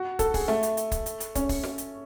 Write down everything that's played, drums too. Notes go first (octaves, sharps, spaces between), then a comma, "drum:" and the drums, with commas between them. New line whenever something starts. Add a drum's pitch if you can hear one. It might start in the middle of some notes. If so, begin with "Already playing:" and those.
Already playing: F#4
A4, drum: kick, hi-hat
G#4, drum: kick, open hi-hat
A3, drum: snare
drum: hi-hat
drum: hi-hat
drum: kick, hi-hat
drum: hi-hat
drum: hi-hat
C#4, drum: kick, hi-hat
drum: kick, open hi-hat
drum: snare
drum: hi-hat